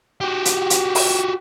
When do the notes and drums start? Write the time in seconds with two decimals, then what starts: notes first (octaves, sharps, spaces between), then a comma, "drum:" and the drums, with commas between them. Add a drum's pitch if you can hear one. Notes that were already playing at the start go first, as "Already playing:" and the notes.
0.21 F#4 G4
0.45 drum: hi-hat
0.70 drum: hi-hat
0.95 drum: open hi-hat